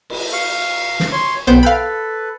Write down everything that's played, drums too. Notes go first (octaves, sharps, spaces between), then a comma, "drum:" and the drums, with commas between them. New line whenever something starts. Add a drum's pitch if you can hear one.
drum: cymbal
F5 C#6
drum: snare
C#5 C6
B1 B3 C5 G5 B5 G6
A4 B4 F5 G5 B5